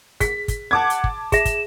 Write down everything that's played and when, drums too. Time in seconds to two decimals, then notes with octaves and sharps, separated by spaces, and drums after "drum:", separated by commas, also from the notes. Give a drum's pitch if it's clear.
0.20 G#4 B6, drum: kick, hi-hat
0.48 drum: kick, hi-hat
0.71 F#5 A5 D6 G#6
0.90 drum: hi-hat
1.04 drum: kick
1.32 G#4 E5 E7, drum: kick, hi-hat
1.45 drum: kick, hi-hat